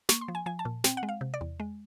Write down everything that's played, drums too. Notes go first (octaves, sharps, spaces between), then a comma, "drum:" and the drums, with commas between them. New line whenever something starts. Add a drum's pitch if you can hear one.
A#3 C#6, drum: snare
C6
F3
G#5
F3 G#5
A5
A#2
C4 G5, drum: snare
F#5
G#3
F5
C3
D5
E2
G#3